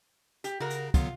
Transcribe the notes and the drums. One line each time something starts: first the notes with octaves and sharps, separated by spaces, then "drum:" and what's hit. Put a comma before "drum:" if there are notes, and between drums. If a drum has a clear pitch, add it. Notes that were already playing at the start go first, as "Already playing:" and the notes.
G4, drum: hi-hat
C#3 F#4 A#4
drum: hi-hat
D3 F#3 B3 F4, drum: kick, hi-hat